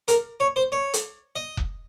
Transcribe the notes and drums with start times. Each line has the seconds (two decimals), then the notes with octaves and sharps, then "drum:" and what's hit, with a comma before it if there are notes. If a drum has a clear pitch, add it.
0.08 A#4, drum: hi-hat
0.40 C#5
0.56 C5
0.72 C#5
0.94 drum: hi-hat
1.36 D#5
1.57 drum: kick F1